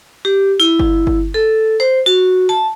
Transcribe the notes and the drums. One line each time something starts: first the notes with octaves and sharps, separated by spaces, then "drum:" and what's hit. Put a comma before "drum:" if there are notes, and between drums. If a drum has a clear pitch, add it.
G4
E4
drum: kick G1
drum: kick G1
A4
C5
F#4
A5